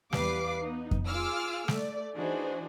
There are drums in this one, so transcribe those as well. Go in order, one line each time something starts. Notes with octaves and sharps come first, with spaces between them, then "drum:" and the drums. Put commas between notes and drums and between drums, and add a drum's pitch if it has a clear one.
E2 G3 B4 F5 D6 C7, drum: snare
B3 D#4
drum: kick F2
F4 G#4 D6 E6 F6
A3 D5, drum: snare
E3 D4 D#4 F#4 G#4 C5